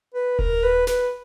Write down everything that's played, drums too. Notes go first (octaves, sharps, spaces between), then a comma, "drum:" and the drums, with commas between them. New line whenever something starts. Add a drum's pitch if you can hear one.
B4
A#4, drum: kick D#1
B4
B4, drum: snare